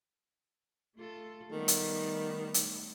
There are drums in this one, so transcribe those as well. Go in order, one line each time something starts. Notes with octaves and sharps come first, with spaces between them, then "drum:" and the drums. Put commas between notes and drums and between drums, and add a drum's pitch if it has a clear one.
A3 F4 A4
D#3 G3 A3 B3
drum: hi-hat
drum: hi-hat